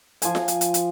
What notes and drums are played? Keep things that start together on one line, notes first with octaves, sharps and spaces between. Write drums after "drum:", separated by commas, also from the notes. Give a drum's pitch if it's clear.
F3 G#5, drum: hi-hat
drum: snare F4
drum: hi-hat
drum: hi-hat
drum: hi-hat